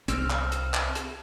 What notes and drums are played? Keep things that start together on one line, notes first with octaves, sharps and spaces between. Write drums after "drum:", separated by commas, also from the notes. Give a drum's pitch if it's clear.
C2 C4 E6 F6, drum: hi-hat
drum: clap
drum: hi-hat
drum: clap
drum: hi-hat